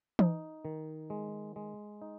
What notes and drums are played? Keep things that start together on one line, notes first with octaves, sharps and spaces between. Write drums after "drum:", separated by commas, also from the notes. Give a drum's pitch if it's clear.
D#4, drum: tom E3
D#3
G#3
G#3
D#4